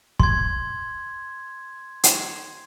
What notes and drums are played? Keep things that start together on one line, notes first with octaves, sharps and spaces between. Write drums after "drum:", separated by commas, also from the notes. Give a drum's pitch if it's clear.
C6 G#6, drum: kick
drum: hi-hat